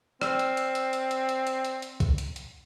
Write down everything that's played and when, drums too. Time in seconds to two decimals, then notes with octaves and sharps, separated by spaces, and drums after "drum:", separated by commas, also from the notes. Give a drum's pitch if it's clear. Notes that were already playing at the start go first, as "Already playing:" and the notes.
0.21 C4 D5 E6 F6, drum: rim click
0.39 drum: hi-hat
0.57 drum: hi-hat
0.75 drum: hi-hat
0.93 drum: hi-hat
1.11 drum: hi-hat
1.29 drum: hi-hat
1.47 drum: hi-hat
1.65 drum: hi-hat
1.82 drum: hi-hat
2.00 drum: kick B1, hi-hat
2.18 drum: hi-hat
2.36 drum: hi-hat